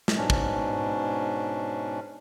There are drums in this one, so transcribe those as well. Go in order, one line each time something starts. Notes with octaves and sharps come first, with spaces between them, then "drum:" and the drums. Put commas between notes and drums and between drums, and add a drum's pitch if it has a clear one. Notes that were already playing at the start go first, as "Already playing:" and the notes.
drum: snare
G#2 B2 C#4 D4
drum: kick